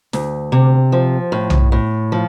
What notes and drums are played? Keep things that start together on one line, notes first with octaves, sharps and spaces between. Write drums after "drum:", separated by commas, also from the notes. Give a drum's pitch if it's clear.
D2, drum: snare
C3
F3
A2
drum: tom B1
A2
F3